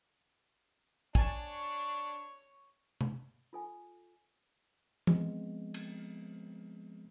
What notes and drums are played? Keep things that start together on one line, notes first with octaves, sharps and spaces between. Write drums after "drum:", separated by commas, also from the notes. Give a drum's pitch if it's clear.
D4 C#5 G#5 A5 C#6, drum: kick
drum: tom C3
F4 A4 G#5
F3 G#3 B3 C4, drum: tom
drum: cymbal